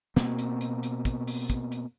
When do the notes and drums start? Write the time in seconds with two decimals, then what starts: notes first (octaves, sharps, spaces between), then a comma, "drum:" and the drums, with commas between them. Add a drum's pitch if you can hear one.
0.16 B2 A#3 C4, drum: snare
0.39 drum: hi-hat
0.61 drum: hi-hat
0.83 drum: hi-hat
1.05 drum: kick, hi-hat
1.27 drum: open hi-hat
1.50 drum: kick, hi-hat
1.72 drum: hi-hat